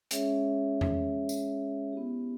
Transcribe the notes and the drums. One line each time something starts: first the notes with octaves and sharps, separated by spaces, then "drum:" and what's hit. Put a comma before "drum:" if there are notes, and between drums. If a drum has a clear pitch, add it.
G#3 C#4 G#4 C#5 E5, drum: hi-hat
drum: tom E2
drum: tambourine
B3 E4 G4